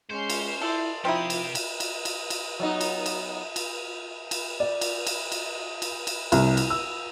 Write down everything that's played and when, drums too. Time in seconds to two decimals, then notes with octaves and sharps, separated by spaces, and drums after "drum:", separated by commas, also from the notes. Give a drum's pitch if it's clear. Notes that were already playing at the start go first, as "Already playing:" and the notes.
0.10 G#3 C#4 C5 C6
0.30 drum: cymbal
0.62 E4 A4 D5 C6
1.05 C3 F3 C4 D#4 E4 G4 D#6
1.30 drum: cymbal
1.55 drum: cymbal
1.80 drum: cymbal
2.05 drum: cymbal
2.30 drum: cymbal
2.60 F#3 B3 D#4
2.81 drum: cymbal
3.06 drum: cymbal
3.56 drum: cymbal
4.31 drum: cymbal
4.60 D5
4.81 drum: cymbal
5.07 drum: cymbal
5.32 drum: cymbal
5.82 drum: cymbal
6.07 drum: cymbal
6.32 C2, drum: cymbal
6.57 drum: cymbal
6.70 E6